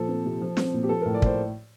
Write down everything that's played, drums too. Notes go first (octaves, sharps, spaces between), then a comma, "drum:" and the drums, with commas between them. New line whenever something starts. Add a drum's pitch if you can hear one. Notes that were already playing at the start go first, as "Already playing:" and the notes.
Already playing: A#2 F3 A4
C4
C3
F3
C4, drum: snare
A#2
G4
F3 A4
A2 A#4
D5
A2 C5, drum: kick